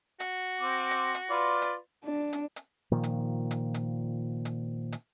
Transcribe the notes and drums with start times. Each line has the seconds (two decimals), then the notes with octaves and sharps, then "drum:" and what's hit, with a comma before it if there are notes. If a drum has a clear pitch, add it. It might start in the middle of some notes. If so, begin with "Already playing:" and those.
0.20 F#4, drum: hi-hat
0.61 C4 D6
0.91 drum: hi-hat
1.15 drum: hi-hat
1.30 F4 B4 D5
1.62 drum: hi-hat
2.04 D4
2.33 drum: hi-hat
2.56 drum: hi-hat
2.91 A#2 D#3 F3
3.03 drum: hi-hat
3.51 drum: hi-hat
3.74 drum: hi-hat
4.45 drum: hi-hat
4.92 drum: hi-hat